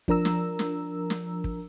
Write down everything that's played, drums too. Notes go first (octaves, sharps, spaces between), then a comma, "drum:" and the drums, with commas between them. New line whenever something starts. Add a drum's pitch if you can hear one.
F3 D4 A#4 A#5 E6, drum: kick
drum: snare
drum: snare
drum: snare
drum: kick